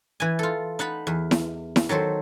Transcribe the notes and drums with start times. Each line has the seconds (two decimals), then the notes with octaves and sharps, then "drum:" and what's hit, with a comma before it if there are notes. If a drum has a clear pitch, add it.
0.20 E3 G#5
0.39 F4 A4
0.79 D#4 F#5 A5 B5
1.07 E2
1.31 drum: snare E4
1.76 drum: snare E4
1.89 D#3 F#3 A4 C5